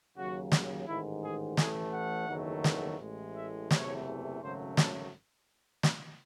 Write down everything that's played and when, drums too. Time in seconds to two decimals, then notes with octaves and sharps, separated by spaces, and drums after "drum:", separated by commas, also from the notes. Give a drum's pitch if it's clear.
0.16 D#2 C#3 F#3 F#4
0.52 drum: snare
0.87 A1 G#2 D#3 E4
1.23 G#4
1.57 A1 A2 E3 A3 G#4, drum: snare
1.93 F#5
2.28 F#1 E2 D#3 F#3 A3
2.64 drum: snare
2.99 A1 A2 G#3
3.35 E5
3.71 F#1 E2 C3 E3 A3 C#5, drum: snare
4.41 G#1 F#2 C#3 F#3 A3 C5
4.77 A4, drum: snare
5.83 drum: snare